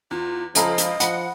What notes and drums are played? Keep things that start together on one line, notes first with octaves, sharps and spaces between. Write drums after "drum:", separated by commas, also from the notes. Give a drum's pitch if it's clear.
E2 F4
C#2 F3 C#4 A4 D#5 F5 A#5 B5, drum: hi-hat
drum: hi-hat
F3 F#5 B5, drum: hi-hat